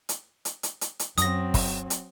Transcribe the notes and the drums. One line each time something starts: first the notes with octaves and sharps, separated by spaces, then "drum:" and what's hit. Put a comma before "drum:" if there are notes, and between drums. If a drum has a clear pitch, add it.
drum: hi-hat
drum: hi-hat
drum: hi-hat
drum: hi-hat
drum: hi-hat
F#2 F#3 C4 D#6 A#6, drum: hi-hat
drum: kick, open hi-hat
drum: hi-hat